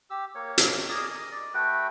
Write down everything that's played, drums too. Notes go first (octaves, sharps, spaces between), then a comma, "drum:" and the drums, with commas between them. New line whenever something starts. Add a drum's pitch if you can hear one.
G4 E6
A#3 C#5
drum: hi-hat
G#4 A#4 D5 D#5
D#5
D5
A3 F#4 B4 G5